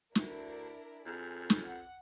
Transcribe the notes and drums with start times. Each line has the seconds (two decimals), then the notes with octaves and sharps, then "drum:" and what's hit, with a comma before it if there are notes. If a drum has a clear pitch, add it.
0.15 D2 D4 E4 A#4, drum: snare
1.06 F2 G#4
1.50 drum: snare
1.65 F#5